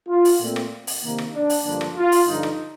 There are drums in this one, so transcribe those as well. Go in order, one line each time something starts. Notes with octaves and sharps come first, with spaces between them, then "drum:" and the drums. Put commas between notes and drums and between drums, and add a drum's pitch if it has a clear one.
F4
drum: open hi-hat
A#2 A3 C4
drum: rim click
drum: open hi-hat
C3 D#3 A#3
drum: rim click
D4
drum: open hi-hat
G2 D3 F3 A#3 D4
drum: rim click
F4
drum: open hi-hat
G2 D3 F3 D#4
drum: rim click